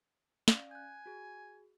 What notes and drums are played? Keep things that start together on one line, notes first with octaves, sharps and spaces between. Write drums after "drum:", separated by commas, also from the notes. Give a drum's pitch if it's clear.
C#4 D5 F5, drum: snare
G#5 F#6 G6
F#4 G#4